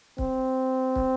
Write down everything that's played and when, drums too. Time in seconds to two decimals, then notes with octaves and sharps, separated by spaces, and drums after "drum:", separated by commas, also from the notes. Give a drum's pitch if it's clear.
0.18 C4, drum: kick
0.96 drum: kick